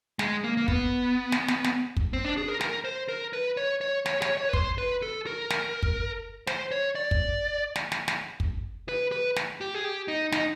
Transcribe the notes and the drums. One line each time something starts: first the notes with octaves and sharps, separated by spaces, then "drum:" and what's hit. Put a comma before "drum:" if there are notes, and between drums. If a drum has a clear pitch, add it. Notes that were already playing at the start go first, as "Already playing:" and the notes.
G#3, drum: snare
A#3
A#3
B3, drum: kick
drum: snare
drum: snare
drum: snare
drum: kick
C4
D4
G#4
A#4
A#4, drum: snare
C5
A#4
B4
C#5
C#5
C#5, drum: snare
C#5, drum: snare
C#5
B4
C5, drum: kick
B4
A4
A#4
drum: snare
drum: kick
C5, drum: snare
C#5
D5
drum: kick
drum: snare
drum: snare
drum: snare
drum: kick
B4
B4
drum: snare
G4
G#4
G4
D#4
D#4, drum: snare